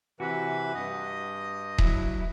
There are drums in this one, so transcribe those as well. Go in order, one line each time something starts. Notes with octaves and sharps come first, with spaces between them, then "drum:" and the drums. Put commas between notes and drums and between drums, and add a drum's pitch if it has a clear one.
C3 E3 F#4 B4
G2 D#5
F#3 E4, drum: kick D#1